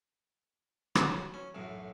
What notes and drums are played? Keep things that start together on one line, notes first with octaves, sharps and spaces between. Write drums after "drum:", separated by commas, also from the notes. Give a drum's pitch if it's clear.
F#3 B3, drum: rim click
C#4
B1 F#2 A2